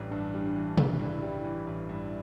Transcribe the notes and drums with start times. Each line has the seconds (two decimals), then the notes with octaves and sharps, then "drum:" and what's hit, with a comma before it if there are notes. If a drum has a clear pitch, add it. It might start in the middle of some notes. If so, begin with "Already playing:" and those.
Already playing: A1 G2 E3 G3
0.11 G2 D4
0.34 G3
0.56 E3
0.78 A1, drum: tom
0.99 G2 E4
1.22 G3
1.44 E3
1.67 A1
1.89 G2